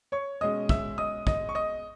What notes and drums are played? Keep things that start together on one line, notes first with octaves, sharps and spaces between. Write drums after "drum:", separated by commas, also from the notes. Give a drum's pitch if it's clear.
C#5 C#6
B2 G#3 C#4 D#5 D#6
E5 E6, drum: kick
D#5 D#6
D#5 D#6, drum: kick
C#6
D#5 D#6